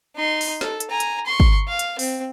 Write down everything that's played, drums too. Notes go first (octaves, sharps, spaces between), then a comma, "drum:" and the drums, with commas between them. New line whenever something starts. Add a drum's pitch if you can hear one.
D#4 C6
drum: open hi-hat
A4, drum: snare
drum: hi-hat
G#5 A#5
drum: hi-hat
C6 C#6
drum: kick
F5
drum: hi-hat
C4, drum: open hi-hat